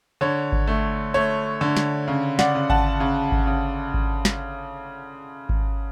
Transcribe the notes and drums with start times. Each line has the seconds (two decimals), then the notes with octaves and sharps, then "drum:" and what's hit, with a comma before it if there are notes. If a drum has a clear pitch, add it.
0.21 D3 C#5
0.52 drum: kick G#1
0.68 A3
1.14 A3 C#5
1.61 D3
1.77 drum: snare
2.08 C#3
2.39 D5 F#5, drum: snare
2.55 C#3
2.70 F#5 A5, drum: kick G#1
3.00 C#3
3.32 drum: kick G#1
3.47 C#3
3.94 drum: kick G#1
4.25 drum: snare
5.49 drum: kick G#1